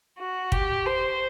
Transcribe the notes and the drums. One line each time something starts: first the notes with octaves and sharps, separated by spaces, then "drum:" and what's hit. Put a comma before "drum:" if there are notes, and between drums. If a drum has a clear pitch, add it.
F#4
G4, drum: kick
C5